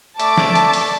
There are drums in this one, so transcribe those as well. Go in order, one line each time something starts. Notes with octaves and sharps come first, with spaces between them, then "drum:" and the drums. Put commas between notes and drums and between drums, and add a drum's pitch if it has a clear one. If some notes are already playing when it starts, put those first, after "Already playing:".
A3 D5 E5 A5 D6, drum: hi-hat
drum: snare
drum: hi-hat
drum: open hi-hat